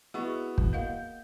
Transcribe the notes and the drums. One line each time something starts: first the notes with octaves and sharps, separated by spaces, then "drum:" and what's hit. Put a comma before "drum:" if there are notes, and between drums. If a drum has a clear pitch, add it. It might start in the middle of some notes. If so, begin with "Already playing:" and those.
B3 E4 F#4 G#4 D#5 C#6
drum: kick
A#3 D#5 F5 F#5 G6